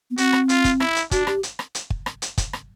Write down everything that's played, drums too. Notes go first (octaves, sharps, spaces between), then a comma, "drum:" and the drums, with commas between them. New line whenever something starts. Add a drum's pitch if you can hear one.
B3
C4 F#4, drum: hi-hat
drum: rim click
F4, drum: hi-hat
drum: kick, hi-hat
E4, drum: rim click
drum: hi-hat
D4 F#4, drum: kick, hi-hat
G4, drum: rim click
drum: hi-hat
drum: rim click
drum: hi-hat
drum: kick
drum: rim click
drum: hi-hat
drum: kick, hi-hat
drum: rim click